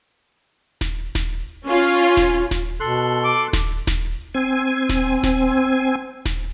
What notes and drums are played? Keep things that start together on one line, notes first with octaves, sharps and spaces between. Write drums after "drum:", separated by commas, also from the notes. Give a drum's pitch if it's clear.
drum: snare D#1
drum: snare D#1
C#4 F4
drum: snare D#1
drum: snare D#1
B2 A4 C6 F#6
D6
drum: snare D#1
drum: snare D#1
C4 G#5
drum: snare D#1
drum: snare D#1
drum: snare D#1